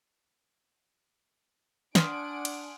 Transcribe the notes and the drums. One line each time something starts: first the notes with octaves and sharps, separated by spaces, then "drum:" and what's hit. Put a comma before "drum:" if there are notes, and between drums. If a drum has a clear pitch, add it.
D4 F#5 G#5 C6 D#6 F6 D7, drum: snare
drum: cymbal